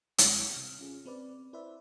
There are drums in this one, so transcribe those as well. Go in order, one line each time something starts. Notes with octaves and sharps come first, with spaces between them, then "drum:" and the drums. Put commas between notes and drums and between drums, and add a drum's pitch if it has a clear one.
D#2 C3 G3 G#3 E4 F6, drum: hi-hat
C3 F6
C#4 F4 G#4
C4 B4 D5
E4 B4 C5 D5 E5